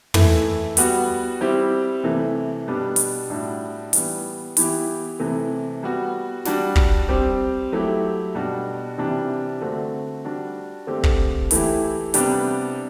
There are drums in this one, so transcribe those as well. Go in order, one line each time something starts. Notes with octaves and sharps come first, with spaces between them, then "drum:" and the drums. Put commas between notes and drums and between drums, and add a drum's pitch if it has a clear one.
E3 A3 E4, drum: tom
G3 B3 F#4, drum: hi-hat
G3 C4 E4 G4
C3 E3 A3
B2 G3 B3 D4 G4
drum: hi-hat
A2 G3 D4 F#4
E3 G3 B3, drum: hi-hat
E3 B3 E4 G4, drum: hi-hat
C3 E3 A3
G3 B3 F#4
G3 D4 F#4, drum: snare
drum: kick
G3 C4 G4
F#3 A3 E4 G4
B2 G3 D4 F#4
C3 E3 G3 D4 G4
D3 A3 C4 F#4
G3 D4 F#4
D3 A3 C4 G4
drum: kick
E3 A3 E4 G4, drum: hi-hat
C3 G3 B3 D4 G4, drum: hi-hat